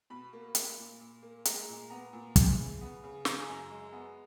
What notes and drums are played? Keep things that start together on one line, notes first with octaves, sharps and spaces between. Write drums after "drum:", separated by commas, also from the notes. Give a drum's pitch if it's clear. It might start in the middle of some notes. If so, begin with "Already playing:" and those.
B2 B5
A#3
A#3, drum: hi-hat
A#2
A#2
A#3
G#3 A#5, drum: hi-hat
A#2
B3 A#5
A#2
E3, drum: kick, hi-hat
C#3
B3
C#3
C#3 A#5, drum: snare
G#5
F#2 A#5
G#3
B3